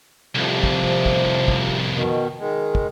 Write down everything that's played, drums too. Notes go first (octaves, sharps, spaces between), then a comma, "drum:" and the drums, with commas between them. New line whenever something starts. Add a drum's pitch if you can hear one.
C2 F2 C3 F3
drum: kick
drum: kick
drum: kick
B2 D#3
D#3 G#3
drum: kick